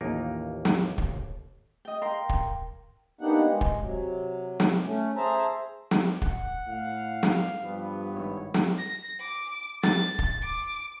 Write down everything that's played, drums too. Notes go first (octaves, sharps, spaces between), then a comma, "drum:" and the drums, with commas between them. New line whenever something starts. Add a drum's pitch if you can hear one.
A1 D#2 A#3 D#4 F4 A#4
drum: snare
drum: kick
D#5 G5
A#4 F5 G5 C6
drum: kick
A#3 B3 D4 D#4 G4 F#5
G#3
drum: kick
C3 F#3
drum: snare
A3 C#4
G#4 C5 E5 A5 A#5
drum: snare
F#5, drum: kick
A2 F5
drum: snare
G2 F3 B3
G#1 E4 C#5
drum: snare
A#6
D6
A6, drum: snare
drum: kick
D6